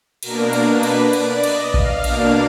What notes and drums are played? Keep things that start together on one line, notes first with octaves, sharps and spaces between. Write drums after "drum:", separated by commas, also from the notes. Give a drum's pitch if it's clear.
B2 A#3 D4 A#4, drum: cymbal
drum: cymbal
B4
drum: cymbal
D5, drum: cymbal
D#5, drum: cymbal
F5, drum: kick A#1
B2 A#3 D4, drum: cymbal